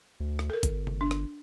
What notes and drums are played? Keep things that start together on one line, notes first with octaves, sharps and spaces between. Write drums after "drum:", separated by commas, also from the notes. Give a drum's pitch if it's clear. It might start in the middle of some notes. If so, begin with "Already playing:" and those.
D2
drum: rim click
A4 A#4
G1, drum: kick G1, hi-hat
drum: tom C3
D4
drum: rim click